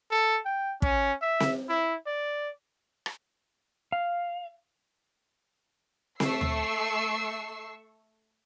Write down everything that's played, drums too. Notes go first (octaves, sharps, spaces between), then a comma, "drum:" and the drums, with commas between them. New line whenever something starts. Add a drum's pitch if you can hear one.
A4
G5
C#4, drum: kick
E5
drum: snare C4
E4
D5
drum: rim click
F5
A3 C#6 E6 C7, drum: snare C4
drum: tom D2